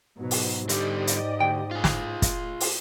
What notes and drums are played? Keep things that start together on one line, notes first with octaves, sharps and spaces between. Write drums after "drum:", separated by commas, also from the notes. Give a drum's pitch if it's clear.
G#2 B2 F#3
drum: open hi-hat
D3 G3 G4 D5 D#5, drum: hi-hat
drum: hi-hat
D2 G5
A2 F4 G#4
drum: snare
drum: kick, hi-hat
drum: open hi-hat